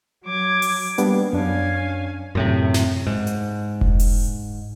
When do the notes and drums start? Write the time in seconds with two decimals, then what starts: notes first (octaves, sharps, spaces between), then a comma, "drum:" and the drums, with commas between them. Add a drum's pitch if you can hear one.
0.25 F#3 D6 G#6
0.62 drum: open hi-hat
0.98 G3 A#3 B3 D4, drum: hi-hat
1.33 F#2 C#4 D4 F5 G#5
2.35 F#2 A2 C3
2.74 drum: snare
3.07 G#2
3.27 drum: hi-hat
3.81 drum: kick F1
4.00 drum: open hi-hat